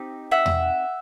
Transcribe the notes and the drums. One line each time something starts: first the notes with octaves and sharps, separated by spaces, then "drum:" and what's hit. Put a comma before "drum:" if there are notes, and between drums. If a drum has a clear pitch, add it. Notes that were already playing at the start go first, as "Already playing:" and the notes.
Already playing: C4 D#4 G4
E5 F#5
drum: tom E2